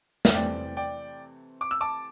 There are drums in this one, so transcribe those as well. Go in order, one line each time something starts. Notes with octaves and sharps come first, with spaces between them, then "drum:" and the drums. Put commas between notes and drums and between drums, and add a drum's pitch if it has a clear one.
E5, drum: snare
C3 E3 A3 C4 D5 G5
D5 G5
D6
E6
A5 D6